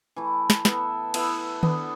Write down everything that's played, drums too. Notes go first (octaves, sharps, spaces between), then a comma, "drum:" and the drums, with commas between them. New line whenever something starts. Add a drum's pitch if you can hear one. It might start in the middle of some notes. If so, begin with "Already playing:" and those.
E3 A3 E4
drum: snare
B3 E4 A4 E5, drum: snare
B3 E4 A4 E5, drum: cymbal
B3 D4 A4, drum: tom D#3